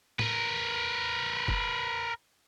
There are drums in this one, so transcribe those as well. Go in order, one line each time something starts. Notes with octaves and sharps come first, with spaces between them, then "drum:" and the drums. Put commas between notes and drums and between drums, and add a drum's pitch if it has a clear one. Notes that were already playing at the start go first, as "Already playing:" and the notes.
A#4 B4, drum: tom A2
drum: kick